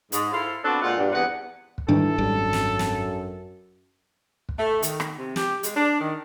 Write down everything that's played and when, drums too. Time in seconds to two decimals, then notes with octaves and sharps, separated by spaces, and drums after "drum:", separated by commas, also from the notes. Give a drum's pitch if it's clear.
0.12 G#2, drum: hi-hat
0.32 E4 F4 A4 C5 F5
0.64 B3 C4 D4 F#4 A4
0.82 A#2 G#3 F4 F#5
0.97 G2
1.12 E2 C4 B4 F#5
1.78 drum: kick
1.88 G#2 D#3 E3 G3 D4 A4
2.18 G#1 F#2 G3
2.53 drum: snare
2.79 drum: snare
4.49 drum: kick
4.58 A3
4.83 D#3, drum: hi-hat
5.00 drum: rim click
5.16 C3
5.36 G4, drum: snare
5.63 G#3, drum: hi-hat
5.75 D4
6.00 D#3